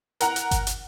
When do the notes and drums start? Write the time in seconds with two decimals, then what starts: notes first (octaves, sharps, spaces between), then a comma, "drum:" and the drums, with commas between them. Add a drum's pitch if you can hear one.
0.21 A#4 F#5 A#5, drum: hi-hat
0.36 drum: hi-hat
0.51 drum: kick G1, hi-hat
0.67 drum: hi-hat